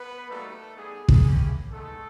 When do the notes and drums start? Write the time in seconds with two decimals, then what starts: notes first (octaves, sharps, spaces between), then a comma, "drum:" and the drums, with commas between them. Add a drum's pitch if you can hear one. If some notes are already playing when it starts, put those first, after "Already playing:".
Already playing: B3 B4
0.28 G3 A3 A#3 D#4 F#4 A4
0.76 G3 B3 D#4 G#4
1.09 drum: kick
1.24 A#3 C#4 E4 G4
1.72 G#3 A3 B3 D#4 A4